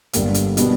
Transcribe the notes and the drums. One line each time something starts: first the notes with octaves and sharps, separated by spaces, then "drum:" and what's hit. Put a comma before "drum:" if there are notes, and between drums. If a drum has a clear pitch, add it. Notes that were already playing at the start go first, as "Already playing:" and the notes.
G1 G2 D3 G3 A#3, drum: hi-hat
drum: hi-hat
B2 G3 B3 D4, drum: hi-hat